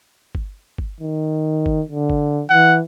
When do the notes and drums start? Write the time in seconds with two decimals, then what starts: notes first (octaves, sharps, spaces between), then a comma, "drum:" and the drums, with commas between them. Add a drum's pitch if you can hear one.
0.35 drum: kick G1
0.78 drum: kick G1
1.00 D#3
1.66 drum: kick G1
1.89 D3
2.10 drum: kick G1
2.50 E3 F#5